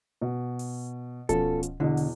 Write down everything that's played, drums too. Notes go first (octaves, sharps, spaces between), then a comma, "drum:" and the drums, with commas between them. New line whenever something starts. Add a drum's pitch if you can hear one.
B2
drum: open hi-hat
B2 F3 C#4 A4, drum: kick D1, hi-hat
drum: hi-hat
E2 B2 D3 D#5
drum: open hi-hat